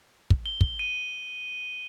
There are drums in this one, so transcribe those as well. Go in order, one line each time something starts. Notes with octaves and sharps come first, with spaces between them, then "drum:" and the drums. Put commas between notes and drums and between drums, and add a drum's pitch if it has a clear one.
drum: kick
G7
drum: kick
D#7